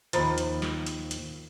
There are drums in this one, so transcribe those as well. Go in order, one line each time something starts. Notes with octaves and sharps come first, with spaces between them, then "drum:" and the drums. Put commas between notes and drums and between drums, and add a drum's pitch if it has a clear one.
D#2 D#3 F3 C5 A#5 B5, drum: hi-hat
drum: hi-hat
drum: snare
drum: hi-hat
drum: hi-hat